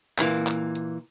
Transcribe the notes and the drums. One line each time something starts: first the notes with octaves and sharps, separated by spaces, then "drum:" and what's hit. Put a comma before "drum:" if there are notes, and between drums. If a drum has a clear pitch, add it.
A#2 E3 A#3, drum: clap
drum: clap
drum: hi-hat